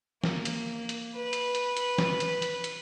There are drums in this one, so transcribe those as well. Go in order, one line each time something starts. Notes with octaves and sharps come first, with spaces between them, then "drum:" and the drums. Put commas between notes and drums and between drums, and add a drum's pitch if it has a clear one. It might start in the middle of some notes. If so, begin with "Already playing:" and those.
A#3, drum: snare
drum: hi-hat
drum: hi-hat
B4
drum: hi-hat
drum: hi-hat
drum: hi-hat
drum: snare
drum: hi-hat
drum: hi-hat
drum: hi-hat